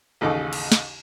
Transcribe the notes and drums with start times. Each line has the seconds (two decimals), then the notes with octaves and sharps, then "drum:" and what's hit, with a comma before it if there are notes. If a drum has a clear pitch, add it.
0.21 A1 D#2 C#3 D#4 A4 D6
0.53 drum: cymbal
0.72 drum: snare